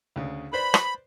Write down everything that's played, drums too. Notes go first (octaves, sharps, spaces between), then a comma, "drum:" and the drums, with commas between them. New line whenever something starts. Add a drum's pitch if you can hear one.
D2 C#3
B4 C5 D5 B5
drum: rim click